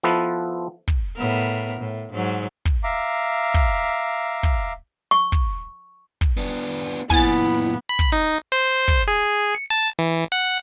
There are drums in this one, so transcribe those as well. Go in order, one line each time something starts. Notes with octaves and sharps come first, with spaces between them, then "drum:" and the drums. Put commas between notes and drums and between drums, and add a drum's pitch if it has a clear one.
F3 B3 E4 F4 A4 B4
drum: kick
A2 B3 A#4
A2
G#2 F#3
drum: kick
E5 F5 A#5 D6
drum: kick
drum: kick
C#6
drum: kick
drum: kick
B3 D4
F#2 A#2 B3 E4 G#5 A6, drum: kick
B5
drum: kick
D#4
C5
drum: kick
G#4
C#7
A5
E3
F#5